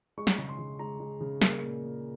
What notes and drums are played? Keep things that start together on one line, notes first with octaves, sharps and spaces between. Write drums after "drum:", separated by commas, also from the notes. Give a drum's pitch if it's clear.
G#3 C#6
drum: snare
C#3
C6
C#3
G#3 A#5
G#3
C#3
A#3, drum: snare
A#2
A#2